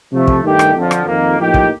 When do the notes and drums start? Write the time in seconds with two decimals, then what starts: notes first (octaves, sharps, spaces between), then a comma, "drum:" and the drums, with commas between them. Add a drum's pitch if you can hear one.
0.12 C3 F3 A3
0.27 drum: kick
0.44 G2 D#3 A3 D#4 G4
0.59 drum: rim click
0.75 F2 D3 F3
0.91 drum: rim click
1.06 F2 D#3 A#3
1.38 A2 F3 A#3 D#4 G4
1.54 drum: kick